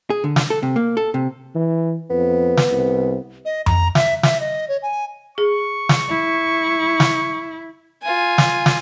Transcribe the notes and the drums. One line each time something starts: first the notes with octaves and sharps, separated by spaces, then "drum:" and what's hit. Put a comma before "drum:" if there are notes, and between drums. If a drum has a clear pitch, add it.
G#4
D3
drum: snare
A4
C3
A#3
A4
C3
E3
F2 B3
drum: snare
C2
D#5
A#5, drum: tom F2
E5, drum: snare
E5, drum: snare
D#5
C#5
G#5
G#4 C#6
drum: snare
E4
drum: snare
F4 G#5
drum: snare
drum: snare